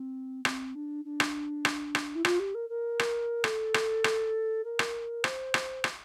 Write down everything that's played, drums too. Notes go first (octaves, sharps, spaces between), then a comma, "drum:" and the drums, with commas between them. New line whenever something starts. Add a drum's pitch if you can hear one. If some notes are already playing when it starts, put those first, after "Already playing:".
Already playing: C4
C4, drum: rim click
D4
D4
drum: rim click
drum: rim click
drum: rim click
E4
F4, drum: rim click
G4
A#4
A#4
drum: rim click
A4, drum: rim click
drum: rim click
drum: rim click
A#4
drum: rim click
C5, drum: rim click
drum: rim click
drum: rim click